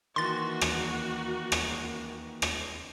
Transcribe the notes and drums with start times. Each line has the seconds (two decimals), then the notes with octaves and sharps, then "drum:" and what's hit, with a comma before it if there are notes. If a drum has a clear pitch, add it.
0.16 D#3 E3 A#3 F#4 C6 A6
0.61 drum: rim click
1.52 drum: rim click
2.42 drum: rim click